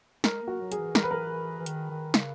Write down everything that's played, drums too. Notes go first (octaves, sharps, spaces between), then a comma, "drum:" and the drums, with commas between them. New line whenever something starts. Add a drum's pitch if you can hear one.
G#3 A#4, drum: snare
A#3
F#4
F#3
G#4, drum: hi-hat
E3
A#4, drum: snare
B4
A#4
E3
D#3, drum: hi-hat
D#3
C#3, drum: snare